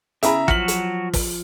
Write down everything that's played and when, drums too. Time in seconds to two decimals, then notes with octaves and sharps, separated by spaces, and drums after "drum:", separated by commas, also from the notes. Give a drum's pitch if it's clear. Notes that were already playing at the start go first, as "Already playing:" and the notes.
0.23 C#3 B3 E4 G#4 E5 A#5, drum: hi-hat
0.48 F3 F#3 F#4 F6 B6 F#7, drum: kick
0.68 drum: hi-hat
1.13 drum: kick, open hi-hat